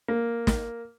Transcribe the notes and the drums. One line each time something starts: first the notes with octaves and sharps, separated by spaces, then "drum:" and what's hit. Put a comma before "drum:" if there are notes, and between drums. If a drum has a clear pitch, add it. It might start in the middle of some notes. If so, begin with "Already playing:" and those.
A#3
drum: snare